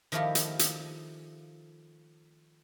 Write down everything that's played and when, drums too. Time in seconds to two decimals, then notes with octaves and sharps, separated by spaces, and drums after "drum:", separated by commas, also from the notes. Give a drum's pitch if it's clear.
0.12 D#3 F3 A3 E4 G4 A#4
0.35 drum: hi-hat
0.59 drum: hi-hat